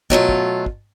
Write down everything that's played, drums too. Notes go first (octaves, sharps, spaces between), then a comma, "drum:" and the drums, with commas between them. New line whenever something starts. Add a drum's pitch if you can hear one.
B2 F#3 A3 F4, drum: kick
drum: kick
drum: kick